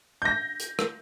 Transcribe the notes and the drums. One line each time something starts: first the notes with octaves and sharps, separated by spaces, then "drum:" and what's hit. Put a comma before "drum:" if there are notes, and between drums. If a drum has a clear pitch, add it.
G6 A#6
drum: hi-hat
drum: rim click